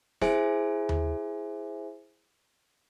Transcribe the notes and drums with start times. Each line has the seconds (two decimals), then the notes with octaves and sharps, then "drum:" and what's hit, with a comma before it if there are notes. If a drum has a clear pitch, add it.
0.21 E4 G#4 C5 E5 G#5, drum: snare
0.89 drum: tom D#2